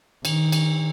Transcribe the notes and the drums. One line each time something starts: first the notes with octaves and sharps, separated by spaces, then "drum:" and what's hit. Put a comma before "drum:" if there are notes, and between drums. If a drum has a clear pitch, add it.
D#3, drum: cymbal
drum: cymbal